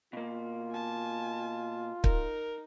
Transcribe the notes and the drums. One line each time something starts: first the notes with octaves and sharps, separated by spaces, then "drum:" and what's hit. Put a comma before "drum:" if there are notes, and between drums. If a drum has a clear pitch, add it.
B2 A#3 F4
G#5 A5
D#4 A#4, drum: kick